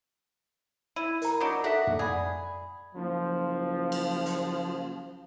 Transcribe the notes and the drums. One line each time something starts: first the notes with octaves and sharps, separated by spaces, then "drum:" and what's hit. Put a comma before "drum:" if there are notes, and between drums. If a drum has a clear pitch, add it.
E4 D#7
A#4 A#5, drum: hi-hat
F#3 D4 D#4
D4 F#4 A4 E5 B6
drum: tom
G#4 D5 F#5 B5
F#1 F3
drum: cymbal
drum: hi-hat